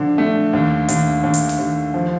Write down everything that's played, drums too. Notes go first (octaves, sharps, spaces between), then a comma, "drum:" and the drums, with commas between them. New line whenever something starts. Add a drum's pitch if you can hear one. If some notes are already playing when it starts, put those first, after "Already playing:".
Already playing: D3 F3 D4
A3
D#2
D#2, drum: hi-hat
D#2
drum: hi-hat
drum: open hi-hat
D#2
F3